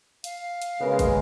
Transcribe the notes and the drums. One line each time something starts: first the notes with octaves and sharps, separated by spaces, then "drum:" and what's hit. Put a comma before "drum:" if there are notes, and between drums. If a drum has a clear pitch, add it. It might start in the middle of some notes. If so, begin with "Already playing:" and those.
F5, drum: hi-hat
drum: hi-hat
C#3 G#3 B3 A#4
drum: kick, hi-hat